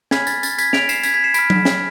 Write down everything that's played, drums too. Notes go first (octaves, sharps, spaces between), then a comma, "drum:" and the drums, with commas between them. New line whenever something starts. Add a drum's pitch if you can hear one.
G#5 B5 F6 G#6 B6, drum: snare
A6, drum: tambourine
A6, drum: tambourine
G#6 B6, drum: tambourine
D7 F7, drum: snare
C7 E7, drum: tambourine
G#6 B6, drum: tambourine
G#6 B6
C7 E7
B5 F6 B6 D7, drum: tambourine
drum: tom F#3
drum: snare